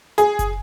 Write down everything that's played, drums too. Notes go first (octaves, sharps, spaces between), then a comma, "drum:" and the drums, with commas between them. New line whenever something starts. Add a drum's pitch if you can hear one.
G#4, drum: hi-hat
drum: kick F#1, hi-hat